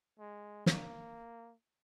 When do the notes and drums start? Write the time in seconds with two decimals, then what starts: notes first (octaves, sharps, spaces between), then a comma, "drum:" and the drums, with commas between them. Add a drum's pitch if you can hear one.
0.19 G#3
0.66 A#3, drum: snare